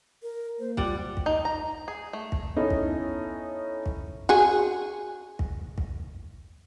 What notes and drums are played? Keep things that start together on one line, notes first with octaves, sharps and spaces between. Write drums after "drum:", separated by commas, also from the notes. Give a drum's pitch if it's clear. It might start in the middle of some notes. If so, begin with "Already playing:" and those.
A#4
A#3 C5
G3 F4 D5 F#5, drum: kick
drum: kick
D#4
A#5
G#4
A3
drum: kick
B3 C#4 D#4 E4 A4
drum: kick
drum: kick
F#4 G#4
drum: kick
drum: kick